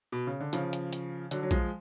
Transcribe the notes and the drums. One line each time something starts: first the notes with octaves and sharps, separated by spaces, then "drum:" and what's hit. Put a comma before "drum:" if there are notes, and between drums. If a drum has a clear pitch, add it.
B2
C#3
D3
C#3 F3, drum: hi-hat
drum: hi-hat
drum: hi-hat
D3 F#3, drum: hi-hat
F#3
F3 G#3, drum: kick A#1, hi-hat